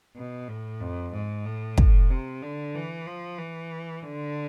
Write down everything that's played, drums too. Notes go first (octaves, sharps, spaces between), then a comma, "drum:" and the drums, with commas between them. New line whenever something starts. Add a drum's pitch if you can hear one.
B2
A2
F2
G#2
A2
drum: kick
C3
D3
E3
F3
E3
D3